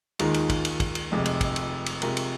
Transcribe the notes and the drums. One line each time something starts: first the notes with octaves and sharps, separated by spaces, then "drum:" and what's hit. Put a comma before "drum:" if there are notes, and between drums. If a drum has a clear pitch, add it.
D#2 D#3 G#3 F4 A#4, drum: cymbal
drum: cymbal
drum: kick, cymbal
drum: cymbal
drum: kick, cymbal
drum: cymbal
F1 F2 C3 G#3
drum: cymbal
drum: kick, cymbal
drum: cymbal
drum: cymbal
C3 G#3 F4 A#4, drum: cymbal
drum: cymbal